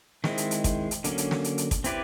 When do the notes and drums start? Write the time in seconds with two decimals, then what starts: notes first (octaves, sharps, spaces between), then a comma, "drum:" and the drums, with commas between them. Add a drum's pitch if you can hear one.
0.24 D#3 G#3 C4 E4, drum: snare
0.38 drum: hi-hat
0.51 drum: hi-hat
0.64 drum: kick, hi-hat
0.91 drum: hi-hat
1.04 D3 F#3 A#3 C#4, drum: hi-hat
1.18 drum: hi-hat
1.31 drum: snare
1.44 drum: hi-hat
1.58 drum: hi-hat
1.71 drum: kick, hi-hat
1.84 C4 E4 G4 B4 D5, drum: hi-hat